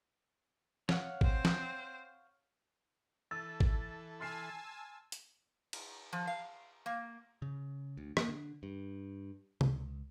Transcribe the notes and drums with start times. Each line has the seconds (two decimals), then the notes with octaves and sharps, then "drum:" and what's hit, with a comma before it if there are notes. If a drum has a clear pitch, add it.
0.89 C#5 F5 F#5, drum: snare
1.21 C4 C5, drum: kick
1.45 drum: snare
3.31 E3 A4 E6 A6
3.60 drum: kick
4.20 G#5 A5 C6 E6 F6 C7
5.12 drum: hi-hat
5.73 drum: cymbal
6.13 F3
6.27 F5
6.86 A#3
7.42 C#3
7.97 D2
8.17 A#3, drum: rim click
8.28 D3
8.63 G2
9.61 C#2, drum: tom C3